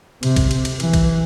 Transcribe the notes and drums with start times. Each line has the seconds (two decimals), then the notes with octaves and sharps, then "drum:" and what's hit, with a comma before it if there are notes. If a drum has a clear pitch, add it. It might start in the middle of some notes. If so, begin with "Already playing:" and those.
0.23 C3, drum: cymbal
0.36 drum: kick, cymbal
0.51 drum: cymbal
0.65 drum: cymbal
0.80 E3, drum: cymbal
0.94 drum: kick, cymbal